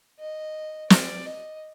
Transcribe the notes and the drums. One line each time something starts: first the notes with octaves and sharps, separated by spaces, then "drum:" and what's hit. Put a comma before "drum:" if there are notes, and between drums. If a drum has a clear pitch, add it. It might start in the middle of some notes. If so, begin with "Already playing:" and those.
D#5
D5, drum: snare
D#5